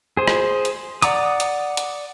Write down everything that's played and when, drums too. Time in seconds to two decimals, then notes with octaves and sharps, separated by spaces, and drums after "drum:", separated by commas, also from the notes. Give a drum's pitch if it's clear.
0.17 G#4 C5
0.28 drum: rim click
0.65 drum: hi-hat
1.02 D5 F#5 A#5 D6 D#6, drum: hi-hat
1.40 drum: hi-hat
1.77 drum: hi-hat